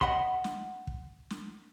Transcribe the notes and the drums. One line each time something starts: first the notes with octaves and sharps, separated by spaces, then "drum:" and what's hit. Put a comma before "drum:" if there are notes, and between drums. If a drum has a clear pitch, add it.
D#5 F#5 B5 C6, drum: kick
drum: snare
drum: kick
drum: snare